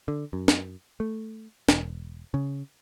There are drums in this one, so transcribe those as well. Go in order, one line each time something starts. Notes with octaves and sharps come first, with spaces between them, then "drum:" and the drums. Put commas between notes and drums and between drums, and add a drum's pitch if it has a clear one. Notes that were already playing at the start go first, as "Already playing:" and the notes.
D3
F#2
drum: snare
A3
E1, drum: snare
C#3